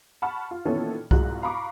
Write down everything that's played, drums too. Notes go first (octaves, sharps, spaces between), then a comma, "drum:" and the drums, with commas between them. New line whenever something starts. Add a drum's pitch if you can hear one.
F#5 A5 B5 C#6 F6
F4
A#2 D#3 E3 B3 C#4 A4
C2 G#3 F4 F#4 A#5 F#6, drum: kick C2
F5 A#5 B5 C#6 D6